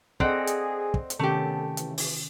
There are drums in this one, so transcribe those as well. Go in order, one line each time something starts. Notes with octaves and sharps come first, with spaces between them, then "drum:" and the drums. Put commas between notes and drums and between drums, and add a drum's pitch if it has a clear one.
C4 G#4 A4 D5 D#5 F#5, drum: kick
drum: hi-hat
drum: kick
drum: hi-hat
C3 D#3 A3 B3 C#4 G4 A4
C#3 E3, drum: hi-hat
drum: open hi-hat